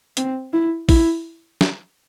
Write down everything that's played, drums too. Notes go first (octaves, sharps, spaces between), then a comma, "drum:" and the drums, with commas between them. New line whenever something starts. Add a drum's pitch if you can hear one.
C4, drum: hi-hat
E4
E4, drum: kick A1, open hi-hat
drum: snare